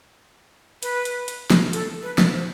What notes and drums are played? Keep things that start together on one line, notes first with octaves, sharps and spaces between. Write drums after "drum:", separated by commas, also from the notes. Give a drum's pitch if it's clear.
B4, drum: hi-hat
drum: hi-hat
drum: hi-hat
drum: snare
A4, drum: hi-hat
B4
drum: snare
C5